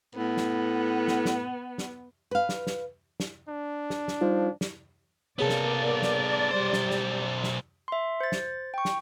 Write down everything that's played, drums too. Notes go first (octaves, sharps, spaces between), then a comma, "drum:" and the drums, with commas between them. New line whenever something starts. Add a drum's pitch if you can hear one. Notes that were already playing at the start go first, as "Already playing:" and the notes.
A2 B3
drum: snare
drum: snare
drum: snare
drum: snare
B4 F5
drum: snare
drum: snare
drum: snare
D4
drum: snare
drum: snare
F3 G3 D#4 F4
drum: snare
C3 A#3 B3 G#4 A4 C#5 D5
drum: snare
drum: snare
B1 G3 C5
drum: snare
drum: snare
drum: snare
E5 C6
C5 A6
drum: snare
G5 C#6
drum: snare